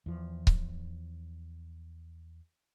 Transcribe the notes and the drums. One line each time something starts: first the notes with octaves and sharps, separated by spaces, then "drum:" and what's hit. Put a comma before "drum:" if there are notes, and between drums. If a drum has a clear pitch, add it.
E2 F3
drum: kick C#1